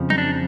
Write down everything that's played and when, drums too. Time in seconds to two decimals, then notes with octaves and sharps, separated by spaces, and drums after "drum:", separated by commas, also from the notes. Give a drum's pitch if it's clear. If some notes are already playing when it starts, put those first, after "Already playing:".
Already playing: F2 C#3 F3
0.10 D#4, drum: tom F#3
0.18 D4